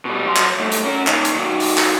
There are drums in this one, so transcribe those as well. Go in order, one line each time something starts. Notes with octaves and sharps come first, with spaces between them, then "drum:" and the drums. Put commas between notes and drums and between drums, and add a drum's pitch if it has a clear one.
B2 G3
F#3 C6
drum: clap
G2 A3
drum: hi-hat
C#4 A#4
A#2 D#3, drum: clap
drum: hi-hat
D#3 F#3
drum: open hi-hat
drum: clap